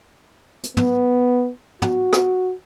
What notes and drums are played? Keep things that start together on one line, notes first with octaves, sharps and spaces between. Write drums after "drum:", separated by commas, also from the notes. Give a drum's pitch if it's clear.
drum: hi-hat
B3, drum: tom
F#4, drum: tom
drum: rim click